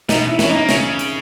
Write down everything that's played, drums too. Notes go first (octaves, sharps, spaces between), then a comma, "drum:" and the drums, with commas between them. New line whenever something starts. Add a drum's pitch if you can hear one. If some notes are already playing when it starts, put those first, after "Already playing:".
B2 D#4, drum: snare
E4
E3 C#4, drum: snare
D#4
A#3
C#3 C#4, drum: snare
drum: hi-hat